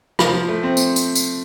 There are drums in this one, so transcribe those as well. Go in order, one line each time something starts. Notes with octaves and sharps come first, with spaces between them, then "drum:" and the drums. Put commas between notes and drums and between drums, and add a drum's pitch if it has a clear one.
F3, drum: rim click
F3
A3
C4
drum: tambourine
drum: tambourine
drum: tambourine